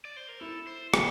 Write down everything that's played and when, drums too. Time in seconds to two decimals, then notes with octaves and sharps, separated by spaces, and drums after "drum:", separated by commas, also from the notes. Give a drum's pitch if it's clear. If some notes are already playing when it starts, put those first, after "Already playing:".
0.05 D5
0.17 C5
0.29 A#4
0.40 E4 A4
0.67 C5
0.94 C5, drum: rim click